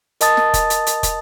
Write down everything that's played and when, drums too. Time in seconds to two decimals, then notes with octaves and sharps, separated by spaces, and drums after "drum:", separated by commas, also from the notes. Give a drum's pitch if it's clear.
0.21 A#4 D#5 A5 D#6 A6, drum: hi-hat
0.37 drum: snare
0.54 drum: kick, hi-hat
0.70 drum: hi-hat
0.87 drum: hi-hat
1.03 drum: kick, hi-hat